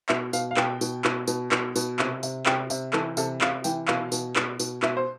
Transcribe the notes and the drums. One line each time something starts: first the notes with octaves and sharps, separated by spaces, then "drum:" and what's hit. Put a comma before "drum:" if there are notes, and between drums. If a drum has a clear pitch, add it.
B2 E5, drum: clap
B2 F5, drum: tambourine
F5
B2 G5, drum: clap
B2, drum: tambourine
B2, drum: clap
B2, drum: tambourine
B2, drum: clap
B2, drum: tambourine
C3, drum: clap
C3, drum: tambourine
C3 G5, drum: clap
C3, drum: tambourine
E3 A4, drum: clap
C3 A4, drum: tambourine
C3 F5, drum: clap
E3 G5, drum: tambourine
B2 F5, drum: clap
B2, drum: tambourine
B2, drum: clap
B2, drum: tambourine
B2 E5, drum: clap
C5